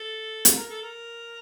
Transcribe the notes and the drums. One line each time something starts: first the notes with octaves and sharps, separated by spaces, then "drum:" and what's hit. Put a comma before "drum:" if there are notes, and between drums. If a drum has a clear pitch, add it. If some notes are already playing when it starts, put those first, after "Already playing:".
Already playing: A4
drum: hi-hat
A#4
A4
A#4